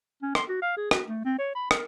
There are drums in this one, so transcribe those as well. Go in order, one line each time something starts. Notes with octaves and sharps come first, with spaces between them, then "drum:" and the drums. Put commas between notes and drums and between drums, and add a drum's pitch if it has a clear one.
C#4
C6, drum: rim click
F#4
F5
G#4
F#4, drum: rim click
A3
C4
C#5
B5
A#4, drum: rim click